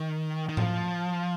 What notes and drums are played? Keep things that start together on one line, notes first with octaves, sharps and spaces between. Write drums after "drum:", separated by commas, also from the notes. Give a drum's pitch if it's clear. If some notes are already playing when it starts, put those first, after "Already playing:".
Already playing: D#3
D#3
F3, drum: tom A2